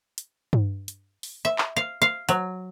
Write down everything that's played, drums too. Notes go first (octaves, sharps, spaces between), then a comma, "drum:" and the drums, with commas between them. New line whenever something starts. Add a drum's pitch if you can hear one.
drum: hi-hat
drum: tom G2
drum: hi-hat
drum: open hi-hat
E5
drum: clap
F5
F5
F#3, drum: hi-hat